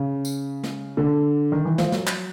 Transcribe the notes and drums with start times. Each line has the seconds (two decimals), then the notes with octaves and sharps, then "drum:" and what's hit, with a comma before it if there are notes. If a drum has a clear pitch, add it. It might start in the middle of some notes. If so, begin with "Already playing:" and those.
Already playing: C#3
0.25 drum: tambourine
0.63 drum: snare
0.97 D3
1.52 D#3
1.65 E3
1.78 F3, drum: snare
1.92 F#3, drum: snare
2.07 drum: clap